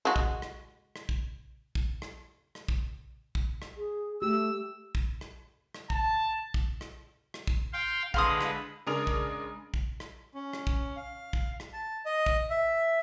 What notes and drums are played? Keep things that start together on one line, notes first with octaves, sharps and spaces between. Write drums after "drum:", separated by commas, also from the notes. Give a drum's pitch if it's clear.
G#3 F#4
drum: kick
drum: rim click
drum: rim click
drum: kick
drum: kick
drum: rim click
drum: rim click
drum: kick
drum: kick
drum: rim click
G#4
A3 G4 E6
drum: kick
drum: rim click
drum: rim click
A5, drum: kick
drum: kick
drum: rim click
drum: rim click
drum: kick
F5 G5 C6
D3 G#3 B4 F5 C6 D#6, drum: kick
drum: rim click
C#3 G#3 D4 A#4 D#6 F7
drum: kick
drum: kick
drum: rim click
C#4
drum: rim click
drum: kick
F5
drum: kick
drum: rim click
A5
D#5
drum: kick
E5